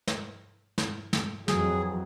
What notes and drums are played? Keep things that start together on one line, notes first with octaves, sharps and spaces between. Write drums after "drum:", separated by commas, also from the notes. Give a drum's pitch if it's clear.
drum: snare
drum: snare
drum: snare
F2 E3 F#3 G#4, drum: snare